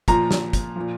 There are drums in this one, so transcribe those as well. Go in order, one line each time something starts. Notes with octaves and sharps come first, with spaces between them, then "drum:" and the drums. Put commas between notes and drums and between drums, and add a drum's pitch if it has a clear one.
A#2 F3 A#5, drum: kick, hi-hat
drum: snare
drum: kick, hi-hat
A#2 F3